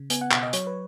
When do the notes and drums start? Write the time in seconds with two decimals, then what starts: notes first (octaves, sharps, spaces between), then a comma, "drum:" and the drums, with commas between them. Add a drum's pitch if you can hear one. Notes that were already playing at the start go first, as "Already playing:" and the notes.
Already playing: C#3
0.10 B3 G#5, drum: hi-hat
0.21 F#5
0.32 B2 F#5, drum: clap
0.43 D#5
0.53 F#3 C#5, drum: hi-hat
0.67 B4